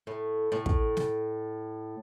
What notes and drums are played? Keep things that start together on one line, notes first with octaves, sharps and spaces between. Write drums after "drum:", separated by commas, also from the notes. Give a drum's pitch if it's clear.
A2
A2
drum: kick
drum: snare